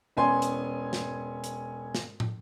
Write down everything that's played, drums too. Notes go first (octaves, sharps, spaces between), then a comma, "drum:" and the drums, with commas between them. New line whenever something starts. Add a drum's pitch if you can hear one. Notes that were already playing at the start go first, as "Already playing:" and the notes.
E1 B3 C#4 G#5 C6
drum: hi-hat
drum: snare
drum: hi-hat
drum: snare
drum: tom